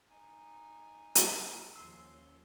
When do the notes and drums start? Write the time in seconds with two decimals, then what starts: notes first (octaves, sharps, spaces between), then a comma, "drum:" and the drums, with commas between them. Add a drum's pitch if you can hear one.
0.10 D#4 G#5
1.15 drum: hi-hat
1.76 D#2 F3 C#4 C6 E6